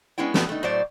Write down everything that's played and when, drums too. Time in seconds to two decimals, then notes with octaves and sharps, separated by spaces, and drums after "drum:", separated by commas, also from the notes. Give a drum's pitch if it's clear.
0.18 G#3 B3 C#4 E4 G5
0.34 A3 B3 F#4, drum: snare
0.49 A3 D#4
0.63 A2 F#3 C5 D5